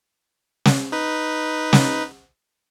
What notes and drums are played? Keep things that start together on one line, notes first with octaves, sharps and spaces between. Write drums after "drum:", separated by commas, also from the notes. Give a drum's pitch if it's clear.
drum: snare
D#4 B4
drum: snare